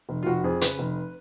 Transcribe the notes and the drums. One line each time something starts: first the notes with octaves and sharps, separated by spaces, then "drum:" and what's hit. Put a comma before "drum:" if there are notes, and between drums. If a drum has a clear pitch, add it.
F1
F4
F1 F#4
F2 G#4
C#3 B4, drum: hi-hat
F1